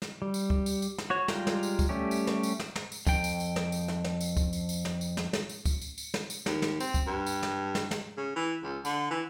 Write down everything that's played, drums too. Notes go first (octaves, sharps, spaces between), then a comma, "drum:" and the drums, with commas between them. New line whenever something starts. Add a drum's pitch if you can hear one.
drum: snare
G3
drum: tambourine
drum: kick C#2
drum: tambourine
drum: tambourine
drum: snare
F#4 C#5
G3 G#3 F4 G5 A#5, drum: snare
drum: snare
drum: tambourine
drum: kick C#2, tambourine
G3 A3 C#4 G4
drum: tambourine
drum: snare
drum: tambourine
drum: snare
drum: snare
drum: tambourine
F2 G5, drum: kick C#2, tambourine
drum: tambourine
drum: tambourine
drum: snare
drum: tambourine
drum: snare
drum: snare
drum: tambourine
drum: kick C#2, tambourine
drum: tambourine
drum: tambourine
drum: snare
drum: tambourine
drum: snare
drum: snare
drum: tambourine
drum: kick C#2, tambourine
drum: tambourine
drum: tambourine
drum: snare
drum: tambourine
D#2, drum: snare
drum: snare
C4, drum: tambourine
drum: kick C#2, tambourine
G2
drum: tambourine
drum: snare
drum: snare
drum: snare
C#3
E3
C#2
D3, drum: tambourine
E3